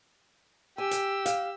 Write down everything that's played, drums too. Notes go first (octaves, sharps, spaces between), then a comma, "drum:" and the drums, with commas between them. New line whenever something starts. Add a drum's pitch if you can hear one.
G4 G#5 E6
drum: hi-hat
F5, drum: hi-hat